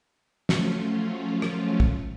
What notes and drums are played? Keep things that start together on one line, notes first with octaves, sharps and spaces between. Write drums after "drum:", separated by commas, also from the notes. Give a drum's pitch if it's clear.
F3 F#3 A3 C#4 F4, drum: snare
drum: rim click
drum: kick